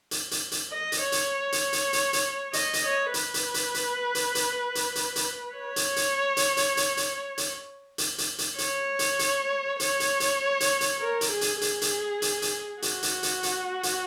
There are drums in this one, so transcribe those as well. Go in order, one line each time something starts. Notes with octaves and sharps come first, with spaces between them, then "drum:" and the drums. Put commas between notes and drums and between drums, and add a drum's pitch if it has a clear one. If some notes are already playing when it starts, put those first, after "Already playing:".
drum: hi-hat
drum: hi-hat
drum: hi-hat
D#5
drum: hi-hat
C#5
drum: hi-hat
drum: hi-hat
drum: hi-hat
drum: hi-hat
drum: hi-hat
D#5, drum: hi-hat
drum: hi-hat
C#5
B4, drum: hi-hat
drum: hi-hat
drum: hi-hat
drum: hi-hat
drum: hi-hat
drum: hi-hat
drum: hi-hat
drum: hi-hat
drum: hi-hat
C#5
drum: hi-hat
drum: hi-hat
drum: hi-hat
drum: hi-hat
drum: hi-hat
drum: hi-hat
drum: hi-hat
drum: hi-hat
drum: hi-hat
drum: hi-hat
C#5, drum: hi-hat
drum: hi-hat
drum: hi-hat
C#5, drum: hi-hat
drum: hi-hat
drum: hi-hat
drum: hi-hat
drum: hi-hat
A#4
drum: hi-hat
G#4
drum: hi-hat
G#4, drum: hi-hat
drum: hi-hat
drum: hi-hat
drum: hi-hat
F#4, drum: hi-hat
drum: hi-hat
drum: hi-hat
drum: hi-hat
drum: hi-hat